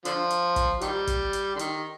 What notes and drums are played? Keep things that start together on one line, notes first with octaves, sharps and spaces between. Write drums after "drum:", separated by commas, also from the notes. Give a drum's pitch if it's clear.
D3 F3, drum: hi-hat
drum: hi-hat
drum: kick, hi-hat
D#3 G3, drum: hi-hat
drum: kick, hi-hat
drum: hi-hat
D3
D#3, drum: hi-hat